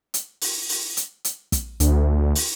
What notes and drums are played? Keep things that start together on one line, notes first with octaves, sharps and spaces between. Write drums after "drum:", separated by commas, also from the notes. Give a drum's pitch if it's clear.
drum: hi-hat
drum: open hi-hat
drum: open hi-hat
drum: hi-hat
drum: hi-hat
drum: kick, hi-hat
D2, drum: hi-hat
drum: open hi-hat